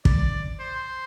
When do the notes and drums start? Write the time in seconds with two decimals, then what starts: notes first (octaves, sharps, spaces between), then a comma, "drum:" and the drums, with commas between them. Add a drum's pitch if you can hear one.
0.05 D5, drum: kick
0.60 C5